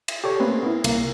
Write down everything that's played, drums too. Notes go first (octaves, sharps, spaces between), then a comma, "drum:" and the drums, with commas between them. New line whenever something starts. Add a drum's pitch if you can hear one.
drum: cymbal
G4 A4 C#5 D5
A3 A#3 C4 C#4 B4
B3 E4
C2 A#3, drum: cymbal